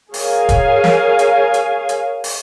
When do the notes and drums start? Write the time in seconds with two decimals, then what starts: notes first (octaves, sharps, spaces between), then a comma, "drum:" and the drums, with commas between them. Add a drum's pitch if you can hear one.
0.14 G#4 A#4 C#5 F5 G#5, drum: open hi-hat
0.49 drum: kick, hi-hat
0.84 drum: snare
1.19 drum: hi-hat
1.54 drum: hi-hat
1.89 drum: hi-hat
2.24 drum: open hi-hat